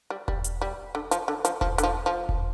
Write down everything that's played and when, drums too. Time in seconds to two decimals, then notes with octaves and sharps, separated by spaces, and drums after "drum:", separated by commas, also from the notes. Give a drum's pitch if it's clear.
0.10 G3
0.28 G3, drum: kick E1
0.44 drum: hi-hat
0.61 G3
0.95 D3
1.11 F3, drum: hi-hat
1.28 D3
1.45 F3, drum: hi-hat
1.61 F3, drum: kick E1
1.78 D3, drum: hi-hat
1.83 F3
2.06 F3
2.29 drum: kick E1